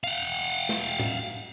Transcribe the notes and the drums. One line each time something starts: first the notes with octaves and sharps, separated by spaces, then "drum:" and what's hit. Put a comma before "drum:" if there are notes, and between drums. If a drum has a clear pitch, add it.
F5 F#5
drum: snare
drum: tom A2